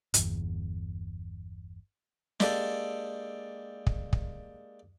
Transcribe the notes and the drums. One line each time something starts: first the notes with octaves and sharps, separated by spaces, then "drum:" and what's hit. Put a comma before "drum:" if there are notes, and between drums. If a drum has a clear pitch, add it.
G1 E2, drum: hi-hat
G#3 A#3 D4 G4 A4, drum: snare
drum: kick
drum: kick